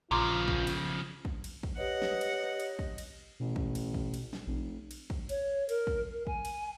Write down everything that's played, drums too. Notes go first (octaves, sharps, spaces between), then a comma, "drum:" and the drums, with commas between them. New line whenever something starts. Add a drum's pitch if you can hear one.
A#1 C#3 F3 F4 A#5 C6 D6
drum: kick
drum: cymbal
drum: kick
drum: cymbal
drum: kick
G4 B4 C#5 D#5 F#5
drum: snare
drum: cymbal
drum: cymbal
drum: kick
drum: cymbal
A1 B2
drum: kick
drum: cymbal
drum: kick
drum: cymbal
drum: snare
F1 A#1
drum: cymbal
drum: kick
C#5, drum: cymbal
A#4, drum: cymbal
drum: kick
A#4
G#5, drum: kick
drum: cymbal